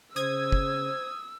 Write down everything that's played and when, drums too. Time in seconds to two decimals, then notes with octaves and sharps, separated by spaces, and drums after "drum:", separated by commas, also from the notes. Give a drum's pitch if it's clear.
0.16 C#3 C5 D#6 E6 G#6, drum: hi-hat
0.52 drum: kick